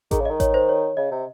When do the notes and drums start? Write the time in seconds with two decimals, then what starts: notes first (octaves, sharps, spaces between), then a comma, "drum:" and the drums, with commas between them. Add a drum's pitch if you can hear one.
0.11 D#3 G#4, drum: kick A1, hi-hat
0.20 C#3
0.25 D#5
0.30 D#3
0.40 C#5, drum: kick A1, hi-hat
0.54 C5
0.69 C#5
0.97 C#3 D#5
1.11 C3